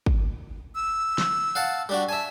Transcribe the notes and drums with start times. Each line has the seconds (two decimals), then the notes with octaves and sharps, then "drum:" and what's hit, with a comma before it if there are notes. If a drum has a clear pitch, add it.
0.06 drum: kick
0.75 E6
1.18 drum: snare
1.55 F5 F#5 A5
1.89 G3 D4 F#4
2.09 E5 G#5 A5